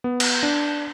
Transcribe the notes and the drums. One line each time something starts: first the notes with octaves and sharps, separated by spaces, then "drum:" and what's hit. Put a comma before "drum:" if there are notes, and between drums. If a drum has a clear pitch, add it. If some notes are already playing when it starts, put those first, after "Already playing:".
B3
drum: cymbal
D4